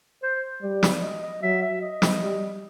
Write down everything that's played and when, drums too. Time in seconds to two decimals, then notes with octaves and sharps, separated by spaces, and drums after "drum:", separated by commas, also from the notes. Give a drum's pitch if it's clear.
0.23 C5
0.62 G3 D5
0.83 drum: snare
1.02 D#5
1.22 D#5
1.42 F#3 E5
1.62 E5
1.81 D#5
2.02 drum: snare
2.22 G3